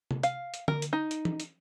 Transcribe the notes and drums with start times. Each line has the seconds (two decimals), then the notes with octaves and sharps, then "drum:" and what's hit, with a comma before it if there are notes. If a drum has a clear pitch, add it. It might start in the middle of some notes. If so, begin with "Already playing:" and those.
0.11 drum: tom C3
0.23 F5, drum: hi-hat
0.54 drum: hi-hat
0.68 A#4, drum: tom D3
0.82 drum: hi-hat
0.93 D#4
1.11 drum: hi-hat
1.25 drum: tom
1.40 drum: hi-hat